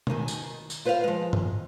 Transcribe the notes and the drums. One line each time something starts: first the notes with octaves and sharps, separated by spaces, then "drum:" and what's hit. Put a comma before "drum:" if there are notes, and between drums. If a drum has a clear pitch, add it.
D#2 B2 D#3 G#5, drum: tom B2
drum: tambourine
D#3
drum: tambourine
F4 B4 C5 D#5 F5
F3 G#3
drum: tom G2